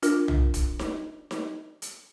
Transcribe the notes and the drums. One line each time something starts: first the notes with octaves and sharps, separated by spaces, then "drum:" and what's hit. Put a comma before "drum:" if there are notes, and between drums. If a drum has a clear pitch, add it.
D4 F4 A#4, drum: hi-hat
drum: tom
drum: kick, hi-hat
drum: snare D#4
drum: snare D#4
drum: hi-hat